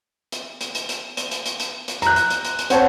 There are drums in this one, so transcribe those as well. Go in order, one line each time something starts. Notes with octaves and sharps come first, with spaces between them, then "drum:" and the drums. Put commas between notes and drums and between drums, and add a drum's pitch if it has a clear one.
drum: hi-hat
drum: hi-hat
drum: hi-hat
drum: hi-hat
drum: hi-hat
drum: hi-hat
drum: hi-hat
drum: hi-hat
drum: hi-hat
A#5 F#6, drum: hi-hat
drum: hi-hat
drum: hi-hat
drum: hi-hat
drum: hi-hat
C4 C5 C#5 F#5 A5, drum: hi-hat